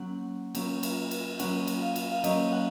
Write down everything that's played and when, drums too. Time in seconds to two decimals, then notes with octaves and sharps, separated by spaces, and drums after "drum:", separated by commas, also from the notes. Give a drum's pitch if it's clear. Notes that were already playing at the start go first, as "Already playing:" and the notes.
Already playing: F#3 A#3 C#4 F#5
0.55 F#3 A#3 C#4, drum: cymbal
0.83 drum: cymbal
1.11 drum: cymbal
1.39 F#3 A#3 C#4 F#5, drum: cymbal
1.67 drum: cymbal
1.82 F5
1.96 drum: cymbal
2.12 F5
2.24 F#3 A#3 C#4 D#5, drum: cymbal
2.52 F#5